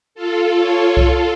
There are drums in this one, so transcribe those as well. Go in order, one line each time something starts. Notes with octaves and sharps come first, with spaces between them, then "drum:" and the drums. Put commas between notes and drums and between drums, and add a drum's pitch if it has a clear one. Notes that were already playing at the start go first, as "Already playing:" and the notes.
F4 A4
A4 C#5
F4 A4, drum: kick C2